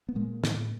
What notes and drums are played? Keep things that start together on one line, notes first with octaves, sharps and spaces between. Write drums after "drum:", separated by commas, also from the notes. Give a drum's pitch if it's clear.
B3
A#2 G#3 A#3
A2, drum: snare